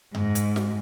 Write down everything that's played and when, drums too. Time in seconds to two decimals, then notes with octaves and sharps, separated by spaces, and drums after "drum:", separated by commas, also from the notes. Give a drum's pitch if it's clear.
0.15 G#2, drum: tom F#2
0.35 drum: hi-hat
0.56 drum: snare